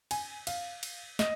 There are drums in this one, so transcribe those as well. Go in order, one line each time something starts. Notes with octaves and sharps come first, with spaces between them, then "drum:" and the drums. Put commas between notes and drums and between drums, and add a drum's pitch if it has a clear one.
G#5, drum: cymbal
F5, drum: cymbal
drum: cymbal
D#5, drum: snare